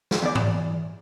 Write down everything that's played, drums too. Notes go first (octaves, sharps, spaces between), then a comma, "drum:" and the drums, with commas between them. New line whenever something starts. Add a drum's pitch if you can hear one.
drum: snare
E2 D5
drum: tom G#2